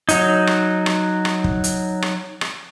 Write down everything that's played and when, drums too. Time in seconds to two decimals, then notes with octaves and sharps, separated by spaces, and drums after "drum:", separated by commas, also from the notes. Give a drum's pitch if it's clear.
0.09 F#3 D#4, drum: hi-hat
0.47 drum: rim click
0.86 drum: rim click
1.25 drum: rim click
1.44 drum: kick
1.64 drum: hi-hat
2.02 drum: rim click
2.41 drum: rim click